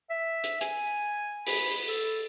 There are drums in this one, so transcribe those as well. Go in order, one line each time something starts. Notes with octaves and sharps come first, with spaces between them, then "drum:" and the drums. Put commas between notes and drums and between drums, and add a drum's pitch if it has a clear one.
E5
drum: hi-hat
G#5, drum: hi-hat
B5, drum: open hi-hat
A4, drum: tambourine